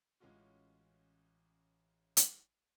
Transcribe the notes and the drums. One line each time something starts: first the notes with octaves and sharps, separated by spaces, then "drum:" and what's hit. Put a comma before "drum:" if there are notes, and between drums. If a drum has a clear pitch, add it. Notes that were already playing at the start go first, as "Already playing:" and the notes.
A1 E3 G#3 C#4 F4 F#4
drum: hi-hat